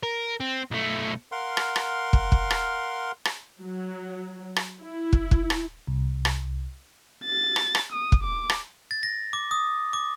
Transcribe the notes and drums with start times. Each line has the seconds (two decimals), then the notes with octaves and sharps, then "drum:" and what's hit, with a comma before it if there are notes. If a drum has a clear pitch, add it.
0.03 A#4
0.41 C4
0.71 B1 A3
1.32 A#4 F5 F#5 C6
1.57 drum: rim click
1.76 drum: rim click
2.13 drum: kick
2.32 drum: kick
2.51 drum: rim click
3.25 drum: rim click
3.60 F#3
4.56 drum: rim click
4.80 E4
5.13 drum: kick
5.31 drum: kick
5.50 drum: rim click
5.87 C2
6.25 drum: rim click
7.25 A6
7.56 drum: rim click
7.75 drum: rim click
7.92 D#6
8.12 drum: kick
8.23 D6
8.50 drum: rim click
8.91 A6
9.03 A#6
9.33 D6
9.51 D#6
9.93 D6